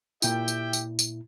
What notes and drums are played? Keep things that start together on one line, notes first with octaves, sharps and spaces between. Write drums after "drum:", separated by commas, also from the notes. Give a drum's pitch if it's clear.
A#2 E4 G4 E5 G5, drum: tambourine
drum: tambourine
drum: tambourine
drum: tambourine